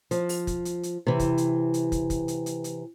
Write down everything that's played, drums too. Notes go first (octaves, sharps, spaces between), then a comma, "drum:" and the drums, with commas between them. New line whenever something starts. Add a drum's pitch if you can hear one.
F3, drum: hi-hat
drum: open hi-hat
drum: kick, hi-hat
drum: hi-hat
drum: hi-hat
C3 E3
drum: kick, hi-hat
drum: hi-hat
drum: hi-hat
drum: kick, hi-hat
drum: kick, hi-hat
drum: hi-hat
drum: hi-hat
drum: hi-hat